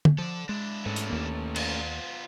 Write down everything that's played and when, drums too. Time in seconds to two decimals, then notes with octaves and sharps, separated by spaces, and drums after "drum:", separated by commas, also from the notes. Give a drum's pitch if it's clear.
0.05 drum: tom
0.18 F3 A4 D5
0.49 G#3 D4 E4
0.86 G#2 A3 C#4
0.96 drum: hi-hat
1.10 D#2 A#3
1.56 B3 F4, drum: cymbal